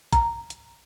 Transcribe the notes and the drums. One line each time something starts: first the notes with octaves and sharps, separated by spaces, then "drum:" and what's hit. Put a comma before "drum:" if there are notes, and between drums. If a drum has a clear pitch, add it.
A#5, drum: kick, hi-hat
drum: hi-hat